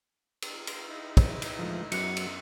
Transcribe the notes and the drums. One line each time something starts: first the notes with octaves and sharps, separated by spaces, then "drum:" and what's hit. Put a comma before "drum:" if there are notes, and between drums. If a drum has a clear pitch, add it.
drum: cymbal
drum: cymbal
D#4 E4
drum: kick, cymbal
drum: cymbal
D2 G#2 E3 F3
F#2 F#3 B3 D6 F#6 C#7, drum: cymbal
drum: cymbal